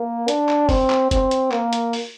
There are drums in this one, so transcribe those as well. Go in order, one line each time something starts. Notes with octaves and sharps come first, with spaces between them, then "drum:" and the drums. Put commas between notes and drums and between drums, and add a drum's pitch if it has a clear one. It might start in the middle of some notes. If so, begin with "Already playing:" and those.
Already playing: A#3
D4, drum: hi-hat
drum: clap
C4, drum: kick, open hi-hat
drum: clap
C4, drum: kick, hi-hat
drum: hi-hat
A#3, drum: clap
drum: hi-hat
drum: open hi-hat